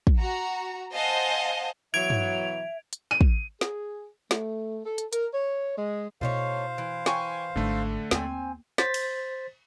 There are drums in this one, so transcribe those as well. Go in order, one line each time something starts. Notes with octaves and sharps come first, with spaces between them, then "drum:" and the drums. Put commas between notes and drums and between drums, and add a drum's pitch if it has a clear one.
drum: kick
F#4 A#5
C5 D#5 F5 F#5 G#5 A5
B2 E3 F#3 E5 G#6 D7 F7
drum: tom G2
drum: hi-hat
D#7
drum: kick
G#4, drum: snare
A3, drum: snare
A4
drum: hi-hat
A#4, drum: hi-hat
C#5
G#3
B2 A3 D#4 E4 C5 C#5 F5
E3
G5 G#5 C#6, drum: snare
G#1 D3 A3 D#4
D#2 C4 G#5, drum: snare
C5 A6 B6, drum: snare
drum: cymbal